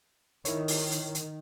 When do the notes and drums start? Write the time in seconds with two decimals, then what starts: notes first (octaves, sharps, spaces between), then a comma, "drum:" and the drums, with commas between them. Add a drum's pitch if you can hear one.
0.45 D#3 E4 A#4 C#5, drum: hi-hat
0.68 drum: open hi-hat
0.91 drum: hi-hat
1.15 drum: hi-hat